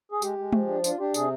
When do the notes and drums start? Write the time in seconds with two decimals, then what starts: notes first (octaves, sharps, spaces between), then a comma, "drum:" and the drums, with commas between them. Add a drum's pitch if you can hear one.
0.12 G#4
0.22 G#3 G4, drum: tambourine
0.38 G#3
0.53 F3, drum: tom G#3
0.68 D4
0.84 D4 F4, drum: tambourine
0.99 D4 G4
1.14 C3 G#4, drum: tambourine